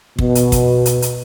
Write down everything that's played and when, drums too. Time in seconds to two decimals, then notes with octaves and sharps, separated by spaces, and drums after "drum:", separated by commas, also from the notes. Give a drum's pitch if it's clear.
0.19 B2, drum: kick
0.35 drum: hi-hat
0.52 drum: kick, hi-hat
0.86 drum: hi-hat
1.02 drum: hi-hat